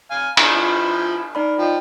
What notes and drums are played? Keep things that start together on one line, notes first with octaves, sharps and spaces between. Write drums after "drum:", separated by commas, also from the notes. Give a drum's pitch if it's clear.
F5 G#5
A#5 B5, drum: cymbal
F3 E4
D#4 A#4 D5 B5
F3 D#5 G5